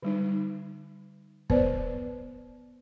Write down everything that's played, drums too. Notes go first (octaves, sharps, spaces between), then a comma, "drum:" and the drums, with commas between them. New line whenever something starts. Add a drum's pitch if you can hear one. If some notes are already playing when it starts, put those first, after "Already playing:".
D3 G3 D#4
B3 B4 C5 D5, drum: kick